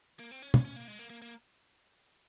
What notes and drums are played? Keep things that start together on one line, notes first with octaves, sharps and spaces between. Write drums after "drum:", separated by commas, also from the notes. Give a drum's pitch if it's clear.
A#3
C4
C#4
C#4, drum: tom
C#4
A#3
G#3
A#3
A#3
A#3